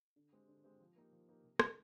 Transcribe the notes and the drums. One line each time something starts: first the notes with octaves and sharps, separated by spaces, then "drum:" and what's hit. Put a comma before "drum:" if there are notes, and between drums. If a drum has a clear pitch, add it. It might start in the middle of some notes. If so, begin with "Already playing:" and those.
D3
G#3 C4 G4
D3
G#3 C4 G4
F3
A#3 D#4 G4
F3
A#3 D#4 G4
C3
D#3 G#3, drum: rim click